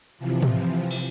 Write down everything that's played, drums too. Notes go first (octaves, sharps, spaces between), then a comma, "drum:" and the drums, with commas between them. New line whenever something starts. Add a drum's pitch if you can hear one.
C3 E3 F3
drum: tom
drum: cymbal